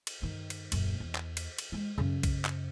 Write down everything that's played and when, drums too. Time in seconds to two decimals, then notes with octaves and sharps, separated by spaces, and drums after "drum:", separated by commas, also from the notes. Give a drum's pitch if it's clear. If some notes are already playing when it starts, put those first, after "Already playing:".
0.07 drum: cymbal
0.22 G2 D#3
0.50 drum: cymbal
0.72 D#1 F#2, drum: cymbal
1.00 E2
1.15 drum: clap
1.37 drum: cymbal
1.58 drum: cymbal
1.72 G#3 F4
1.98 F#2 C#3
2.23 drum: kick B1, cymbal
2.45 drum: clap